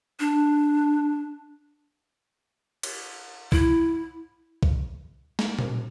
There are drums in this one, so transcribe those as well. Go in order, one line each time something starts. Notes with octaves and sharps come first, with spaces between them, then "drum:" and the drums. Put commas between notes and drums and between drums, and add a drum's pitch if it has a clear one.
D4
drum: cymbal
E4, drum: kick B1
drum: kick B1
drum: snare
drum: tom A#2